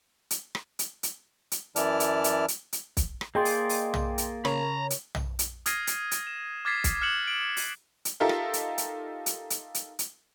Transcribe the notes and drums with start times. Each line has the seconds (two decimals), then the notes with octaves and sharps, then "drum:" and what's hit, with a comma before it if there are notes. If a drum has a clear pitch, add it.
0.30 drum: hi-hat
0.55 drum: rim click
0.79 drum: hi-hat
1.03 drum: hi-hat
1.52 drum: hi-hat
1.76 F#2 E3 E4 D5 A5 F6, drum: hi-hat
2.00 drum: hi-hat
2.24 drum: hi-hat
2.48 drum: hi-hat
2.73 drum: hi-hat
2.97 drum: kick B1, hi-hat
3.21 drum: rim click
3.35 A#3 G#4 D5 D#5 G5 C6
3.45 drum: open hi-hat
3.69 drum: open hi-hat
3.94 drum: tom
4.18 drum: hi-hat
4.45 C#3 A#4 C#5 A#5 B5, drum: rim click
4.90 drum: hi-hat
5.15 drum: tom
5.39 drum: hi-hat
5.66 D#6 F6 G#6 A#6 C7 D#7, drum: hi-hat
5.87 drum: hi-hat
6.11 drum: hi-hat
6.27 E7
6.65 D6 F6 G#6 A6 B6 C7
6.84 drum: kick B1, hi-hat
7.02 F6 F#6 C#7 E7 F#7
7.27 D7 F#7
7.57 drum: open hi-hat
8.05 drum: hi-hat
8.20 D#4 F4 G4 A4 A#4 E5
8.29 drum: rim click
8.53 drum: hi-hat
8.78 drum: hi-hat
9.26 drum: hi-hat
9.50 drum: hi-hat
9.75 drum: hi-hat
9.99 drum: hi-hat